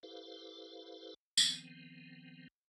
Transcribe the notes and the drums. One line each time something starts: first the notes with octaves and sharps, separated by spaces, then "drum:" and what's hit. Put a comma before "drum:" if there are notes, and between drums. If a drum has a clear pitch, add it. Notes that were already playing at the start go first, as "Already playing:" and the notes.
E4 G4 A4 B4 C5 F5
D#3 F3 B3 C4, drum: tambourine